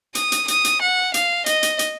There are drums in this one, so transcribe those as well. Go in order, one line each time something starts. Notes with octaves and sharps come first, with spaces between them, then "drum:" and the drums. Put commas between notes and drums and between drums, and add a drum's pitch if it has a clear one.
D#6, drum: hi-hat
drum: hi-hat
D#6, drum: hi-hat
drum: hi-hat
F#5
F5, drum: hi-hat
D#5, drum: hi-hat
drum: hi-hat
drum: hi-hat